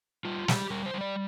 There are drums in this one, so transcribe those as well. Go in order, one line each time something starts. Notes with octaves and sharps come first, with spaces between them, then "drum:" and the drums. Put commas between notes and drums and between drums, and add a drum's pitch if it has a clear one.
G3 F4
G3 G4, drum: snare
G3 A#4
C5
G3
D5